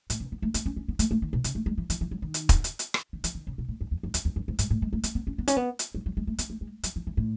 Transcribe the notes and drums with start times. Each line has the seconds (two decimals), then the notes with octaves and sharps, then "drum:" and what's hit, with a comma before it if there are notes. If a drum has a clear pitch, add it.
0.10 A2, drum: hi-hat
0.20 C#3
0.32 B3
0.42 A3
0.54 B3, drum: hi-hat
0.66 C#4
0.76 C#4
0.88 B3
0.99 A3, drum: hi-hat
1.11 A3
1.22 D#3
1.33 B2
1.44 C#3, drum: hi-hat
1.55 A3
1.66 G#3
1.78 E3
1.90 E3, drum: hi-hat
2.01 E3
2.11 F#3
2.22 D#3
2.34 drum: hi-hat
2.49 drum: kick, hi-hat
2.64 drum: hi-hat
2.79 drum: hi-hat
2.94 drum: rim click
3.13 D#3
3.24 E3, drum: hi-hat
3.35 D#3
3.47 C#3
3.58 B2
3.68 A2
3.81 F#2
3.91 E2
4.03 F#2
4.14 E2, drum: hi-hat
4.25 E2
4.36 F#2
4.48 G#2
4.59 G#2, drum: hi-hat
4.70 A2
4.82 G#3
4.93 A3
5.03 B3, drum: hi-hat
5.15 B3
5.27 C#4
5.38 B3
5.48 C#4, drum: hi-hat
5.57 B3
5.79 drum: hi-hat
5.95 F#3
6.06 F#3
6.17 G#3
6.27 A3
6.38 B3, drum: hi-hat
6.50 A3
6.61 G#3
6.83 F#3, drum: hi-hat
6.96 E3
7.07 E3
7.17 A2